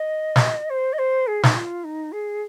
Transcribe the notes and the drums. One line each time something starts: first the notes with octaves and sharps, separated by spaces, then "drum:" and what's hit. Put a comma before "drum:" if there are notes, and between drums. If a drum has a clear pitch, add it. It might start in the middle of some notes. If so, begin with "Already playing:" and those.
Already playing: D#5
drum: snare
C5
D#5
C5
G#4
D#4, drum: snare
F4
D#4
G#4